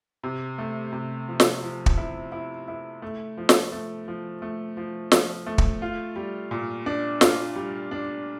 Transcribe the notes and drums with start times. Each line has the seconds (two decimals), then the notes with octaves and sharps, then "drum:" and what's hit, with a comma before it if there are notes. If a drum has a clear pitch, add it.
0.23 C3
0.58 A3
0.93 C3
1.28 F3
1.40 drum: snare
1.63 F3
1.86 drum: kick
1.98 E4
2.32 E4
2.68 E4
3.02 A3
3.37 F3
3.49 drum: snare
3.72 A3
4.08 F3
4.42 A3
4.77 F3
5.12 F3, drum: snare
5.47 A3
5.58 drum: kick
5.82 F4
6.16 G3
6.51 A#2
6.86 D4
7.21 F4, drum: snare
7.56 G3
7.91 D4